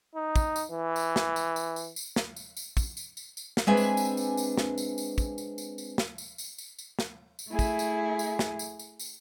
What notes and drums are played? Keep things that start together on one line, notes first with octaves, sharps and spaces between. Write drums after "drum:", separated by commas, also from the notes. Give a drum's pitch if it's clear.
D#4
drum: kick, tambourine
drum: tambourine
E3
drum: tambourine
drum: snare
drum: tambourine
drum: tambourine
drum: tambourine
drum: tambourine
drum: snare
drum: tambourine
drum: tambourine
drum: kick, tambourine
drum: tambourine
drum: tambourine
drum: tambourine
drum: snare
G#3 C4 D4 B4 E5 G#5
drum: tambourine
drum: tambourine
drum: tambourine
drum: tambourine
drum: snare
drum: tambourine
drum: tambourine
drum: kick, tambourine
drum: tambourine
drum: tambourine
drum: tambourine
drum: snare
drum: tambourine
drum: tambourine
drum: tambourine
drum: tambourine
drum: snare
drum: tambourine
A3 E4 G#4
drum: kick, tambourine
drum: tambourine
drum: tambourine
drum: snare
drum: tambourine
drum: tambourine
drum: tambourine